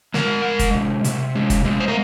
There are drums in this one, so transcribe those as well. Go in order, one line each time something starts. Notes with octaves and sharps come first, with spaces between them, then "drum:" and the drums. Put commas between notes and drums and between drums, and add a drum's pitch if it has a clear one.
G#3 A#4, drum: snare
G#3
drum: kick, hi-hat
C3
C3, drum: hi-hat
G#3
drum: kick, hi-hat
G#3
C5
A#4